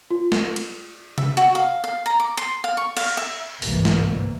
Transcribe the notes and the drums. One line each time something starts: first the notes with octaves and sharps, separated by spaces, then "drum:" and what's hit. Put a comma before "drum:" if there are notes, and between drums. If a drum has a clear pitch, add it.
F4
drum: snare
drum: cymbal
E5, drum: tom C3
F#4, drum: hi-hat
F5
F5
A#5
D6
C6
F5
C#6
F5, drum: cymbal
E5
G1 C2 G#2 E3 A#3, drum: open hi-hat
drum: snare